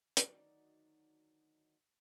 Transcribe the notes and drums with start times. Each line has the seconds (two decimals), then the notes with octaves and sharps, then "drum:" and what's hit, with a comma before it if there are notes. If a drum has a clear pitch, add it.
0.17 D2 D#3 F#3 D#4 D5, drum: hi-hat